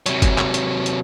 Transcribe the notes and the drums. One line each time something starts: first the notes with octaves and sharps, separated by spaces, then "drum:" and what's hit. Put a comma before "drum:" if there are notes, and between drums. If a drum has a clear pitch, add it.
C3 F#3, drum: hi-hat
drum: kick, hi-hat
drum: clap
drum: hi-hat
drum: hi-hat